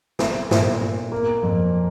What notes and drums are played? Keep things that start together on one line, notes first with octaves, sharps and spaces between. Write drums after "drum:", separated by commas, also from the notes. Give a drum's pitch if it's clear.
C4, drum: snare
A#2, drum: snare
A#2
A#3
F2